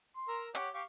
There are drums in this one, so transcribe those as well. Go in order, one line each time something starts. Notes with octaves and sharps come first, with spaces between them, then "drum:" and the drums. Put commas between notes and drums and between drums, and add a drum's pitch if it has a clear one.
C6
A#4 A#5 E6
G4 C#5 F#5, drum: hi-hat
G4 F5 C#6